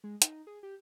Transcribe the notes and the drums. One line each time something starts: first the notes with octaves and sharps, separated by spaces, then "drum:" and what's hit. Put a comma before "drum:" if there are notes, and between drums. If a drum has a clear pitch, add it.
G#3
D#4, drum: hi-hat
G#4
G4